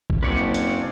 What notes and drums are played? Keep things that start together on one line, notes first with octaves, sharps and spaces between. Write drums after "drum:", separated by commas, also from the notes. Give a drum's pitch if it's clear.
drum: kick A#1
F#1 C#3 C4 D4 B4 C#5 D5
drum: hi-hat